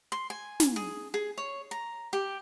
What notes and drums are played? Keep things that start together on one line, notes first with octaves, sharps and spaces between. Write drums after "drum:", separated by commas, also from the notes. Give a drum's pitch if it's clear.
C6
G#5
drum: snare
G#4
G#4
C#5
A#5
G4